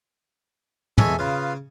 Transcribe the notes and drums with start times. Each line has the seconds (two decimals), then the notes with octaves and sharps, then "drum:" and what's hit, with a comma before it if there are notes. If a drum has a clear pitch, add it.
0.98 E2 G#3 A4 C#5 E5 G#5, drum: tom
1.19 C#3 F4 B4 F5